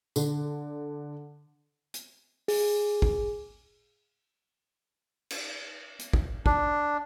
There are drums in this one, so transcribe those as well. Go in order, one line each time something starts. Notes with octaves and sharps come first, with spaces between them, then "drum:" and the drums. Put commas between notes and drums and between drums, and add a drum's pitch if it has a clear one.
D3, drum: tambourine
drum: hi-hat
G#4, drum: open hi-hat
drum: kick
drum: cymbal
drum: hi-hat
drum: kick
D4, drum: kick